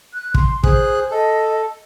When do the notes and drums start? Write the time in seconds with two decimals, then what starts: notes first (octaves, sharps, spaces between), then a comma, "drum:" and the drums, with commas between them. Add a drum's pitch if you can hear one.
0.13 F#6
0.34 C6, drum: kick
0.64 G#4 C5 F#6, drum: kick
1.11 A4 D#5